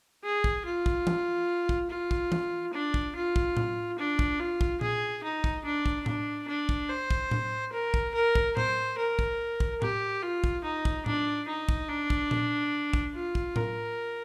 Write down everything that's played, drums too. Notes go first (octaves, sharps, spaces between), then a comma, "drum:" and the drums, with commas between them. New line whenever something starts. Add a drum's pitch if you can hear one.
G#4
drum: kick
F4
drum: kick
drum: tom E3
drum: kick
F4
drum: kick
drum: tom E3
D4
drum: kick
F4
drum: kick
drum: tom A2
D4
drum: kick
F4
drum: kick
G#4, drum: tom A#2
D#4
drum: kick
D4
drum: kick
D4, drum: tom A2
D4
drum: kick
C5
drum: kick
drum: tom A2
A#4
drum: kick
A#4
drum: kick
C5, drum: tom A2
A#4
drum: kick
drum: kick
G4, drum: tom A2
F4
drum: kick
D#4
drum: kick
D4, drum: tom A2
D#4
drum: kick
D4
drum: kick
drum: tom A#2
drum: kick
F4
drum: kick
A#4, drum: tom A2